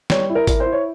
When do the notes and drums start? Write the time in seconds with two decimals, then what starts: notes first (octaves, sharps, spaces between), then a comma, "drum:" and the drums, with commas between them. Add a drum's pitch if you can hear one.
0.10 G3 C#5, drum: snare
0.29 E4
0.35 A#4
0.47 E4 A#4, drum: kick G#1, hi-hat
0.60 C5
0.66 E4
0.72 C#5